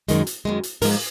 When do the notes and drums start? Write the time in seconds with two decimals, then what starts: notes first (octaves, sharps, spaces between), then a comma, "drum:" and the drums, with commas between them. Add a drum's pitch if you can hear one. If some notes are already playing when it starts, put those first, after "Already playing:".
0.09 F#2 D#3 G#3, drum: hi-hat
0.27 drum: hi-hat
0.45 F#2 D#3 G#3
0.63 drum: hi-hat
0.82 G#2 F3 G#3 A#4, drum: open hi-hat